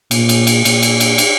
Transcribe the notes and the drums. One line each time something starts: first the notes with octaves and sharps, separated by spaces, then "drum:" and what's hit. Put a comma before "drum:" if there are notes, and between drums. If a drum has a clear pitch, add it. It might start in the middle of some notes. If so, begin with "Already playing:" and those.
A#2, drum: cymbal
drum: cymbal
drum: cymbal
A#2, drum: cymbal
drum: cymbal
drum: cymbal
drum: cymbal